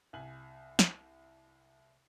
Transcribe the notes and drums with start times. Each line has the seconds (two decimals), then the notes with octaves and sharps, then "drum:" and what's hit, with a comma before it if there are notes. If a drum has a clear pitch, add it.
0.13 C2 G#5 F#7
0.79 drum: snare